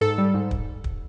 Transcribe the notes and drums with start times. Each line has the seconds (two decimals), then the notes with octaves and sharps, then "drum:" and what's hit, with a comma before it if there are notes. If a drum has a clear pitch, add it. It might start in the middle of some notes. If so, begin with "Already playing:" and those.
0.01 G#2 A4
0.18 G3
0.34 G#2
0.51 drum: kick
0.84 drum: kick